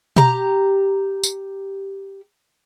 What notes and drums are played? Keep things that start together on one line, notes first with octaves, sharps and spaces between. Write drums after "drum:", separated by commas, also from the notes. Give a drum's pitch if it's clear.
G4 A#5, drum: tom B2
drum: tambourine